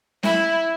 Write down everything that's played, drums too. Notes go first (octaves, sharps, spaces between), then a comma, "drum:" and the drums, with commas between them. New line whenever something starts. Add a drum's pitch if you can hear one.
E4, drum: snare